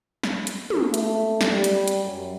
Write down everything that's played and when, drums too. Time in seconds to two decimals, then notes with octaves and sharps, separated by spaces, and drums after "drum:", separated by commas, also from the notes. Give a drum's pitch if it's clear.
0.23 drum: snare
0.47 drum: hi-hat
0.70 drum: tom
0.94 A3, drum: hi-hat
1.41 drum: snare
1.52 G3
1.64 drum: hi-hat
1.88 drum: hi-hat
2.05 F#2